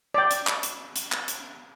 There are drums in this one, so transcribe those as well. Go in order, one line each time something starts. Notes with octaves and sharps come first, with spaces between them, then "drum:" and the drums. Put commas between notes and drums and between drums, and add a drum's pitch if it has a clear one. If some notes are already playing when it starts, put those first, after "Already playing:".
D5 G5
drum: hi-hat
drum: clap
drum: hi-hat
drum: hi-hat
drum: clap
drum: hi-hat